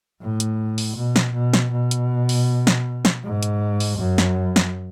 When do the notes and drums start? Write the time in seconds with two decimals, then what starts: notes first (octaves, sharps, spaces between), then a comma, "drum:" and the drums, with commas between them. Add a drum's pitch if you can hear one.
0.22 A2
0.40 drum: hi-hat
0.78 drum: open hi-hat
0.97 B2
1.16 drum: snare
1.34 B2
1.53 drum: snare
1.72 B2
1.91 drum: hi-hat
2.29 drum: open hi-hat
2.67 drum: snare
3.05 drum: snare
3.24 G#2
3.43 drum: hi-hat
3.80 drum: open hi-hat
3.99 F#2
4.18 drum: snare
4.56 drum: snare